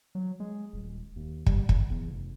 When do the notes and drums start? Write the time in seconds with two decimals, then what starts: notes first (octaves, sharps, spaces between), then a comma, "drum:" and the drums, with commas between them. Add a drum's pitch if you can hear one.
0.15 F#3
0.40 G#3
0.73 D#1
1.16 D#2
1.46 G3, drum: kick
1.69 G#1, drum: kick
1.90 E2
2.10 F1